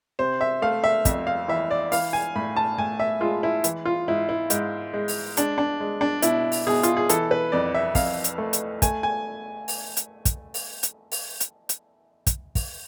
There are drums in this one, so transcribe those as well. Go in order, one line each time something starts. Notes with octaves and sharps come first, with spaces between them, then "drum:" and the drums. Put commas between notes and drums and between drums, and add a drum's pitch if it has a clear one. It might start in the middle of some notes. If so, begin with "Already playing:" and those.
C3 C5
E5
A3 F5
E5
F2 E5, drum: kick, hi-hat
F5
E3 E5
D5
E3 F5, drum: open hi-hat
G#5
A2 B5
A5
A2 G#5
E5
G#3 F4
E4
E3, drum: hi-hat
F4
G#2 E4
E4
G#2, drum: hi-hat
G#3
drum: open hi-hat
G#3 D4, drum: hi-hat
D4
G#3
D4
B2 E4, drum: hi-hat
drum: open hi-hat
B2 G#4
F4, drum: hi-hat
G#4
E3 A4, drum: hi-hat
B4
F2 D5
E5
F2 F5, drum: kick, open hi-hat
drum: hi-hat
A3
drum: hi-hat
A3 G#5, drum: kick, hi-hat
G#5
drum: open hi-hat
drum: hi-hat
drum: kick, hi-hat
drum: open hi-hat
drum: hi-hat
drum: open hi-hat
drum: hi-hat
drum: hi-hat
drum: kick, hi-hat
drum: kick, open hi-hat